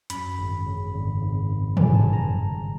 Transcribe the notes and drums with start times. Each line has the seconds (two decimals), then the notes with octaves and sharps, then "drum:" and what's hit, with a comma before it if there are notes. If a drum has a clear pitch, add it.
0.10 F#2 B5, drum: hi-hat
0.38 G#1
0.66 C#3
0.93 G#1
1.21 G#1
1.48 G#1
1.77 C#3 G#5, drum: tom
1.95 A5
2.04 G#1
2.13 A#5
2.32 G3
2.60 D#3